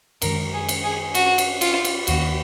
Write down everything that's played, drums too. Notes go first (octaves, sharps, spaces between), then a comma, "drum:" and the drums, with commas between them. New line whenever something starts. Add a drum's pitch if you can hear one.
F#2 D#3 G#3 A#4, drum: cymbal
G#4
drum: cymbal
G#4
F#4, drum: cymbal
drum: cymbal
F4, drum: cymbal
drum: cymbal
D#2 D#3 A#3 F#4, drum: cymbal